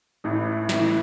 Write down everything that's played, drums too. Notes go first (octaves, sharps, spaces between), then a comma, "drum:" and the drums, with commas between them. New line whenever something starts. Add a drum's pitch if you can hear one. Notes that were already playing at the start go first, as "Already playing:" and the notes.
A1 A2 E3
A1 A2 E3, drum: snare